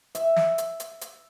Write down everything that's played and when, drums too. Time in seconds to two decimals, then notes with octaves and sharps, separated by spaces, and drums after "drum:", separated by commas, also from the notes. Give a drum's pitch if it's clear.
0.15 E5, drum: hi-hat
0.36 drum: snare
0.58 drum: hi-hat
0.80 drum: hi-hat
1.01 drum: hi-hat